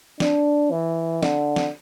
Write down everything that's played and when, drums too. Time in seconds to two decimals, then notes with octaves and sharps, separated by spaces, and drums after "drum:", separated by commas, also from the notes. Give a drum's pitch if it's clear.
0.20 D4, drum: snare
0.71 E3
1.23 D3, drum: snare
1.56 drum: snare